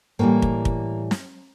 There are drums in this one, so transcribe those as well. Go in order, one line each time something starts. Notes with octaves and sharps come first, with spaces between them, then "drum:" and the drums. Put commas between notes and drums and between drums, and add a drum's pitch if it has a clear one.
A2 E3 G3 A#3
drum: kick
drum: kick
drum: snare